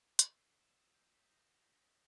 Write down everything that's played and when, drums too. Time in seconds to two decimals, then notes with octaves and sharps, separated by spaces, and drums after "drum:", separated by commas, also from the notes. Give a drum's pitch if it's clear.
0.19 E6, drum: hi-hat
0.38 C7
0.61 E7
0.78 D#6
0.94 G6
1.14 B6
1.30 A#6
1.54 F7
1.71 B6